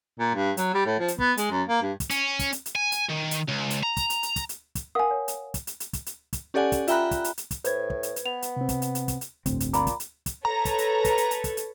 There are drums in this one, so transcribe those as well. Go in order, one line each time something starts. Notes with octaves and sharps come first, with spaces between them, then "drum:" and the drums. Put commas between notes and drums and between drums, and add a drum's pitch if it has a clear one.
A#2
G2
F#3, drum: hi-hat
G3
A2
F3
drum: hi-hat
B3, drum: kick
G#3, drum: hi-hat
F#2
A#3
G2
drum: kick, hi-hat
C#4, drum: hi-hat
drum: kick, hi-hat
drum: hi-hat
drum: hi-hat
G#5
drum: hi-hat
D#3
drum: hi-hat
C#2
drum: hi-hat
A#5
drum: kick, hi-hat
drum: hi-hat
drum: hi-hat
drum: kick, hi-hat
drum: hi-hat
drum: kick, hi-hat
A#4 F5 F#5 G#5 D#6
C#5
drum: hi-hat
drum: kick, hi-hat
drum: hi-hat
drum: hi-hat
drum: kick, hi-hat
drum: hi-hat
drum: kick, hi-hat
C#4 G4 A4 D5 F#5 G#5
drum: kick, hi-hat
F4 E5 G5 A#5 B5 F#6, drum: hi-hat
drum: kick, hi-hat
drum: hi-hat
drum: hi-hat
drum: kick, hi-hat
A2 B4 C5 G#6, drum: hi-hat
drum: kick
drum: hi-hat
drum: hi-hat
B3 F7
drum: hi-hat
C3 C4
drum: kick, hi-hat
drum: hi-hat
drum: hi-hat
drum: kick, hi-hat
drum: hi-hat
G1 D2 A2 C4, drum: kick, hi-hat
drum: hi-hat
A#2 A#5 B5 D6, drum: hi-hat
drum: kick, hi-hat
drum: hi-hat
drum: kick, hi-hat
A4 B4 C#5 A#5
drum: kick, hi-hat
drum: hi-hat
drum: kick, hi-hat
drum: hi-hat
drum: hi-hat
drum: kick, hi-hat
drum: hi-hat